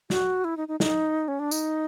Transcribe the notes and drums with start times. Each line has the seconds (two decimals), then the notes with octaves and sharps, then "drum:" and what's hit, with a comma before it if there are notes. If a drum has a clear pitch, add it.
0.10 F#4, drum: snare
0.44 E4
0.57 D#4
0.68 D#4
0.80 D#4, drum: snare
1.28 C#4
1.39 D4
1.51 D#4, drum: tambourine